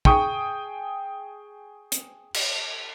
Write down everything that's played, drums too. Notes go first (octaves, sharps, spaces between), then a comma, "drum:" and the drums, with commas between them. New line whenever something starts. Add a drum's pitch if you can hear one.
G#4 G5 C#6 D#6, drum: kick
drum: hi-hat
drum: cymbal